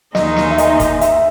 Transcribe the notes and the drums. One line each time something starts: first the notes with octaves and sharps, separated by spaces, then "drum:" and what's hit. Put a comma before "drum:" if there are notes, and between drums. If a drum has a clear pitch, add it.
D#2 D#3 G#3 D#4 D#5, drum: snare
drum: snare
E5
D#5, drum: hi-hat
drum: kick, hi-hat
E5, drum: hi-hat